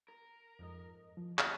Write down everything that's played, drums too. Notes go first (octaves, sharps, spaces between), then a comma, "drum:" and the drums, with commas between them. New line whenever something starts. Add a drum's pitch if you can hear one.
A#4
F2 G#2 D#5
F3
D#2 G3 A#3 C#4 F5 B5, drum: clap